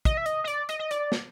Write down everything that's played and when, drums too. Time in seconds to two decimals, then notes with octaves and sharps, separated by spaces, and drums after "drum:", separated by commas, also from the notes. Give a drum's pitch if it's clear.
0.05 D#5, drum: kick, hi-hat
0.17 E5
0.26 D#5, drum: hi-hat
0.44 D#5
0.48 D5, drum: hi-hat
0.69 D#5, drum: hi-hat
0.79 D#5
0.91 D5, drum: hi-hat
1.12 drum: snare